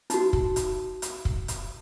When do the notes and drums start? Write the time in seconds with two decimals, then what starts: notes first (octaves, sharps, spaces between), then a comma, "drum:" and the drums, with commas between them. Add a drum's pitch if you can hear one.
0.10 D#4 F#4, drum: hi-hat
0.33 drum: kick
0.56 drum: hi-hat
1.02 drum: hi-hat
1.25 drum: kick
1.48 drum: hi-hat